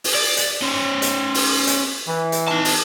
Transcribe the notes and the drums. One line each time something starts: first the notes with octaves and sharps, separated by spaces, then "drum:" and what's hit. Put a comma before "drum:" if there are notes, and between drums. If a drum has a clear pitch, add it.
drum: open hi-hat
D5
drum: hi-hat
C#4 C5
drum: hi-hat
drum: open hi-hat
drum: hi-hat
E3
drum: hi-hat
D#4 A5
drum: open hi-hat